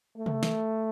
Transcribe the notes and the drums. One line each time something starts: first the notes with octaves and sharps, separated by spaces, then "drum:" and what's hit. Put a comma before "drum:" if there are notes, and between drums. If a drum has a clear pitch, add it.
A3
drum: tom C3
drum: snare